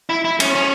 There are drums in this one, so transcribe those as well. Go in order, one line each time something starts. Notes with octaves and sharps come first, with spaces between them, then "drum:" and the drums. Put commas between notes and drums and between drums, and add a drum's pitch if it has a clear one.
E4
E4
C#4, drum: cymbal
C#4